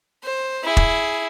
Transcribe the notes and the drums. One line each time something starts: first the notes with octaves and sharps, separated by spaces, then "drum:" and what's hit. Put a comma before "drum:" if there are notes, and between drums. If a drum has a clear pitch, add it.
C5
E4 G#4
drum: kick